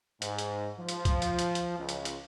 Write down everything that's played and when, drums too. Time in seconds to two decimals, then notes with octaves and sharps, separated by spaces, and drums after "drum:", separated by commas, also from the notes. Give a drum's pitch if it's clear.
0.22 G#2, drum: hi-hat
0.39 drum: hi-hat
0.79 F3
0.89 drum: hi-hat
1.05 drum: kick, hi-hat
1.22 drum: hi-hat
1.39 drum: hi-hat
1.55 drum: hi-hat
1.79 C#2
1.89 drum: hi-hat
2.05 drum: hi-hat